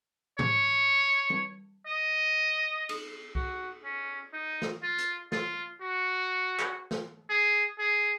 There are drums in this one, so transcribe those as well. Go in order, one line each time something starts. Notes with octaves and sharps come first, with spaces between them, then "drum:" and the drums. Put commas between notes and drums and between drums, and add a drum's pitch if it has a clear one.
C#5, drum: tom G#2
drum: tom G3
D#5
drum: cymbal
F#4, drum: kick
C#4
D#4
drum: snare
F4
drum: hi-hat
F4, drum: snare
F#4
drum: clap
drum: snare
G#4
G#4